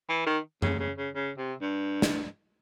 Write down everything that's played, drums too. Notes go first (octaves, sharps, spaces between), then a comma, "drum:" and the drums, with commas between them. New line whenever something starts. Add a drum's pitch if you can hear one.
E3
D#3
C#3, drum: tom F#2
C#3
C#3
C#3
C3
G2
drum: snare